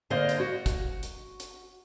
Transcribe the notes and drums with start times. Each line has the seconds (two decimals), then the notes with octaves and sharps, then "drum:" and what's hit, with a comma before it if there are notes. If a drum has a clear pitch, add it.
0.10 D3 A#3 C5 D#5 F5
0.29 drum: hi-hat
0.40 F#4
0.66 drum: kick, hi-hat
1.03 drum: hi-hat
1.40 drum: hi-hat